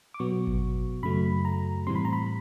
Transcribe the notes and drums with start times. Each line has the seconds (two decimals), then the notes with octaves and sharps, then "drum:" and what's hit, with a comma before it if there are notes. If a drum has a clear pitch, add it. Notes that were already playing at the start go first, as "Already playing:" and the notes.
0.14 D6
0.19 B2 F#3 B3 C#6
0.47 drum: kick G#1
1.03 F#2 C#3 F#3 A3 B5
1.45 A#5
1.87 A2 E3 G3 C4 C6
1.95 B5
2.05 A#5
2.13 B5